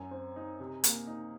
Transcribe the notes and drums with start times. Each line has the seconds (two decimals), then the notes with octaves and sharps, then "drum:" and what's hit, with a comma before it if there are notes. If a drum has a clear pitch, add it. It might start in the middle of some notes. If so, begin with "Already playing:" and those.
Already playing: F#2 G#5
0.11 C4
0.36 D#4
0.60 C3
0.84 A#3, drum: hi-hat
1.07 D#4